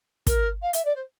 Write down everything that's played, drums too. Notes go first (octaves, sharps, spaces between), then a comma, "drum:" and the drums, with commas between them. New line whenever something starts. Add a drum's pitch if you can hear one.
A#4, drum: kick, hi-hat
F5
E5, drum: hi-hat
D5
C5